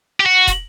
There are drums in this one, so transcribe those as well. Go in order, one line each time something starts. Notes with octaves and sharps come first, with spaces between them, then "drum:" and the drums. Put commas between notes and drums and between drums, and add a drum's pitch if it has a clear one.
G4
F#4
drum: kick, hi-hat